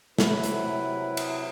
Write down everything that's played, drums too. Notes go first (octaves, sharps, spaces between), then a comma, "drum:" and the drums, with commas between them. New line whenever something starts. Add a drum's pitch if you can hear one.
C3 F#3 E4 B4, drum: snare
drum: hi-hat
drum: cymbal